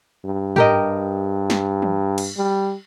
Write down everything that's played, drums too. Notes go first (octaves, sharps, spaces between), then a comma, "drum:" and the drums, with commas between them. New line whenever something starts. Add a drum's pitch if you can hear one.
G2
G4 A#4 D#5, drum: tom G#2
drum: snare
drum: tom E3
drum: cymbal
G3